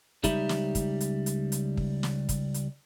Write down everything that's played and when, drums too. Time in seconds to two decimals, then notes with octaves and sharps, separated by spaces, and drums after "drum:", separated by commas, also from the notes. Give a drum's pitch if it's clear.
0.24 C#2 G3 D#4 G4 E5 B5, drum: kick, hi-hat
0.49 drum: snare
0.75 drum: kick, hi-hat
1.01 drum: hi-hat
1.26 drum: hi-hat
1.52 drum: hi-hat
1.77 drum: kick
2.03 drum: snare
2.29 drum: kick, hi-hat
2.54 drum: hi-hat